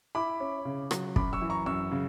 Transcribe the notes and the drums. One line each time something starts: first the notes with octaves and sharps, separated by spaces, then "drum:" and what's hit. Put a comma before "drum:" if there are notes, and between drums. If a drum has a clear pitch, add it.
E4 B5 D6
C#4
C#3
F#3, drum: rim click
F#2 B5 D6, drum: kick
C#6 E6
E3
A#5 C#6
F#2 C#6 E6
C#3